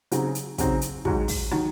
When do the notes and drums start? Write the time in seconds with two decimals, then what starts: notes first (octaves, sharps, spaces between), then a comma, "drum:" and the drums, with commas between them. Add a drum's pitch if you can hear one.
0.12 C#3 F#3 C4 D#4, drum: hi-hat
0.35 drum: hi-hat
0.58 C#3 F#3 C4 D#4, drum: kick, hi-hat
0.81 drum: hi-hat
1.05 G#2 D#3 F#3, drum: kick
1.28 drum: kick, open hi-hat
1.51 D#3 F#3, drum: rim click